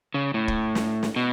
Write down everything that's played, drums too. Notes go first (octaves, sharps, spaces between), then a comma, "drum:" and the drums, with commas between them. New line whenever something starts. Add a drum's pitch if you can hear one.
C#3
A2
drum: kick
drum: snare
drum: snare
B2